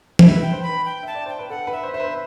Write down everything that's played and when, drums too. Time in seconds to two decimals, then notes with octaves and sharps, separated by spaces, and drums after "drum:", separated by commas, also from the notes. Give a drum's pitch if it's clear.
0.19 B4 E5, drum: tom E3
0.36 B4
0.42 G5
0.52 C5
0.63 B5
0.69 B4
0.85 G5
1.03 E5 A5
1.15 D5
1.26 C5 G5
1.39 B4
1.50 A4 F#5
1.67 B4
1.72 E5
1.83 C5
1.94 C5 E5
2.00 B4